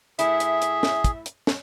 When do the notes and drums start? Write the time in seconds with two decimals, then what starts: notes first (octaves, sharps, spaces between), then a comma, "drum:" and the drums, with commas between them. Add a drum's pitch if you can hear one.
0.19 A2 A3 E4 G#4 E5, drum: hi-hat
0.40 drum: hi-hat
0.62 drum: hi-hat
0.83 drum: snare
1.04 drum: kick, hi-hat
1.26 drum: hi-hat
1.47 drum: snare